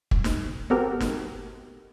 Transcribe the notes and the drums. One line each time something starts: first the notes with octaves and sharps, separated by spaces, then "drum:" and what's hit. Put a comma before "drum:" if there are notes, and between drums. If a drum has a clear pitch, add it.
C2, drum: kick
drum: snare
B3 C4 F#4 G4 A4 A#4
drum: snare